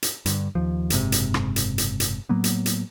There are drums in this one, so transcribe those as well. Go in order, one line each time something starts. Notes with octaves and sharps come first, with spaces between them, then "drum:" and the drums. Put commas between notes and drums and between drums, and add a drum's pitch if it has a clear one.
drum: hi-hat
G2 D3, drum: hi-hat
D#2 F3
F#1 G#2 C3, drum: hi-hat
drum: hi-hat
drum: rim click
drum: hi-hat
drum: hi-hat
drum: hi-hat
A2 F#3 A#3 B3
drum: hi-hat
drum: hi-hat